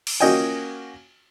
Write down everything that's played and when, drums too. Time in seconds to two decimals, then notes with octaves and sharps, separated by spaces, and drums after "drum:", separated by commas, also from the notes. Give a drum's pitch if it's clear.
0.07 drum: cymbal
0.20 A#3 C#4 F#4 D#5 G5 G#5